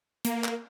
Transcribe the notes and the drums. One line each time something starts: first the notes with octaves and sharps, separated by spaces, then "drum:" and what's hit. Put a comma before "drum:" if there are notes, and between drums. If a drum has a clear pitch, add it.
A#3, drum: hi-hat
drum: clap